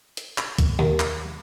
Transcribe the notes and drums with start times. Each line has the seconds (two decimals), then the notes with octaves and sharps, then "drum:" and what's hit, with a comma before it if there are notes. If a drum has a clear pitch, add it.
0.17 drum: hi-hat
0.38 drum: clap
0.58 drum: kick, hi-hat
0.79 D#2
1.00 drum: clap